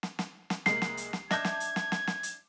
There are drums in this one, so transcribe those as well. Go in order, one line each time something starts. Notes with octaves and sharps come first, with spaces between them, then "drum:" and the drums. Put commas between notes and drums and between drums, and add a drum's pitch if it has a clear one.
drum: snare
drum: snare
drum: snare
C2 G#3 A#3 C7, drum: snare
drum: snare
drum: hi-hat
drum: snare
D4 D#5 E5 A5 D6 G6 G#6, drum: snare
drum: snare
drum: hi-hat
drum: snare
drum: snare
drum: snare
drum: hi-hat